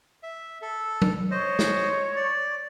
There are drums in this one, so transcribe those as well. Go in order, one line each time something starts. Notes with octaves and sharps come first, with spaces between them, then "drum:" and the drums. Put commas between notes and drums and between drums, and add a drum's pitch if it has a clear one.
E5
A4
drum: tom F#3
C5 C#5 D#5
drum: snare
D5